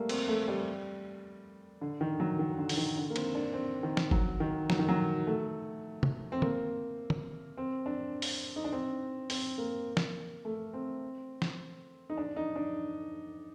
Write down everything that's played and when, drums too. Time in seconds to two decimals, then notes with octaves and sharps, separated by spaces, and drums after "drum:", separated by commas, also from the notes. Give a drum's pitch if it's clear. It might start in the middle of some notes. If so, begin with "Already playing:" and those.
Already playing: G3 A3 A#3
0.09 C4, drum: cymbal
0.28 A3
0.48 G3
1.81 D3
2.01 D#3
2.20 F#3
2.39 D#3
2.58 D3
2.69 D3, drum: open hi-hat
2.77 D#3
2.97 D3
3.10 A#3
3.16 C4, drum: cymbal
3.35 D4
3.54 C4
3.83 D#3
3.97 drum: snare
4.11 F#3, drum: kick G1
4.40 D#3
4.70 F#3, drum: snare
4.79 D#3
4.88 F#3
5.27 A3
6.03 drum: tom
6.32 C4
6.42 A#3, drum: tom
7.10 drum: tom
7.58 C4
7.86 D4
8.22 drum: open hi-hat
8.56 D#4
8.64 D4
8.72 C4
9.30 C4, drum: open hi-hat
9.58 A#3
9.97 drum: snare
10.45 A3
10.74 C4
11.42 drum: snare
12.10 D#4
12.17 D4
12.36 D#4
12.56 D4